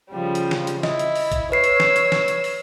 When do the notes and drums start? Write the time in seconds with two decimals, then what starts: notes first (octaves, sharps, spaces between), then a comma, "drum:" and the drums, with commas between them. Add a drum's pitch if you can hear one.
0.11 C#3 F3 G3
0.35 drum: hi-hat
0.51 drum: snare
0.67 drum: hi-hat
0.83 E4 D#5, drum: snare
0.99 drum: hi-hat
1.16 drum: open hi-hat
1.32 drum: kick A#1, hi-hat
1.52 B4 C#5 E6 C7
1.64 drum: hi-hat
1.80 drum: snare
1.96 drum: hi-hat
2.12 drum: snare
2.28 drum: hi-hat
2.44 drum: open hi-hat